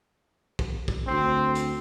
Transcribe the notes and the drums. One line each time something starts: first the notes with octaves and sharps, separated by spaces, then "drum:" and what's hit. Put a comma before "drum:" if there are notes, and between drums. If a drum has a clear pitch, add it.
drum: kick
drum: kick
D2 C4
drum: hi-hat